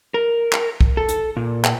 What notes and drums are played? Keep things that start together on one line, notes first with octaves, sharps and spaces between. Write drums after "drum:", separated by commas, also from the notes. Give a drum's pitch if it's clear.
A#4
drum: clap
drum: kick B1
A4
drum: hi-hat
A#2
drum: clap